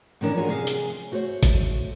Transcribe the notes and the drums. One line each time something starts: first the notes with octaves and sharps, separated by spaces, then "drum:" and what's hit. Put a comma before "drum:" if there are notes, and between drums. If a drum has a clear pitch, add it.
A2 D#3 E3 C#4 D4 A#4
F4 F#4 G#4 A#4 C#5 D5
C3 G#3 G#4 F5
drum: hi-hat
A3 F#4 C5 C#5
drum: kick A1, hi-hat